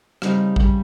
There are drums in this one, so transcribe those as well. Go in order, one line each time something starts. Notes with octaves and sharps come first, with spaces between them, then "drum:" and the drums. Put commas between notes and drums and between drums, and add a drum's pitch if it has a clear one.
C#3 G3 C4 D#4, drum: rim click
C#3 G3 C#4, drum: kick